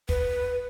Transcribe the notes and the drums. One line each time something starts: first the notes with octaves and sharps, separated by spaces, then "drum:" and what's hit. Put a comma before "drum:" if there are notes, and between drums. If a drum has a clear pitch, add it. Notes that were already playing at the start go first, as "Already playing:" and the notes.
B4, drum: kick